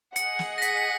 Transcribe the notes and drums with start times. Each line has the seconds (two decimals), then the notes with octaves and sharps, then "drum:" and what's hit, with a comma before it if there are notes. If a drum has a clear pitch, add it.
0.16 G#4 D#5 F#5 C#7, drum: hi-hat
0.39 drum: snare
0.58 A#6
0.62 B6, drum: hi-hat
0.77 B6